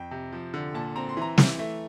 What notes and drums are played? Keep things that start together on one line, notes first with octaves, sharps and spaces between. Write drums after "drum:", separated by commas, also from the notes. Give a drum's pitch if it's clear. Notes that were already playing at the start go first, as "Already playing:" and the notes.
Already playing: F2 G5
C3
F3
D3
A#2 A5
C4 A#5
C6
E3 A#5
E3, drum: snare
A3